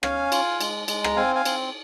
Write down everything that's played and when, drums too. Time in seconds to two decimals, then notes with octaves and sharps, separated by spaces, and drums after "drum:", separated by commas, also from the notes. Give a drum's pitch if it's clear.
0.03 C#4 F5 G#5, drum: rim click
0.32 F4, drum: cymbal
0.61 G#3, drum: cymbal
0.88 G#3, drum: cymbal
1.04 A#5, drum: rim click
1.16 C4 F5 G#5
1.35 F5 G#5
1.45 C4, drum: cymbal